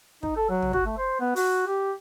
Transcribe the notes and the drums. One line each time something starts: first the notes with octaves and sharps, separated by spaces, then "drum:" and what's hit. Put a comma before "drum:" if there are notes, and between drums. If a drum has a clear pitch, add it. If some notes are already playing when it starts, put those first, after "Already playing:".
D#4, drum: kick
A4
F#3
drum: tom
F#4, drum: kick
A3
C5
B3
F#4, drum: open hi-hat
G4